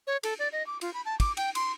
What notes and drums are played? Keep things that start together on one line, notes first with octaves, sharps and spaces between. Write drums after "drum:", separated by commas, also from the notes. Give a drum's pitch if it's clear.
C#5
A4, drum: cymbal
D5
D#5
D6
F4, drum: cymbal
B5
A5
D6, drum: kick, cymbal
G5, drum: cymbal
C6, drum: cymbal